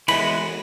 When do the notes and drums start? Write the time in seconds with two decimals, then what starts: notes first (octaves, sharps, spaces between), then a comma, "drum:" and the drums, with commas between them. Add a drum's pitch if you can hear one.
0.08 E3 G#3 B3 B5, drum: cymbal